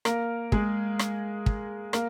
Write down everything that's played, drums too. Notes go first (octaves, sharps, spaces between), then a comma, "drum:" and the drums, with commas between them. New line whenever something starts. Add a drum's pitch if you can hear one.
A#3 A#4, drum: rim click
G#3 G#4, drum: kick
drum: rim click
drum: kick
A#3 A#4, drum: rim click